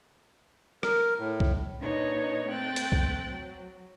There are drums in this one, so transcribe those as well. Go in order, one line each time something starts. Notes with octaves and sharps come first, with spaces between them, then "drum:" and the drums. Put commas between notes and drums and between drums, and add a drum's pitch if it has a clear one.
A#4, drum: rim click
A2
drum: kick C2
A#2 D4 D#4 B4 C#5 D#5
A3 C4 G5 F#6 A6
drum: hi-hat
drum: kick C2
F#3